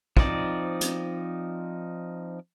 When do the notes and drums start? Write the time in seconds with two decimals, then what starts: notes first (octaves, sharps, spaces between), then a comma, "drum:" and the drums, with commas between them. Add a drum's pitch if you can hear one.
0.17 F3 C4 D#4 D5, drum: kick
0.81 drum: hi-hat